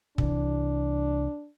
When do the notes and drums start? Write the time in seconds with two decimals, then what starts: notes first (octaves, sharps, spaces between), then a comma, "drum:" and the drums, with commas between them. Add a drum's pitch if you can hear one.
0.18 C2 C3 E3 D4, drum: kick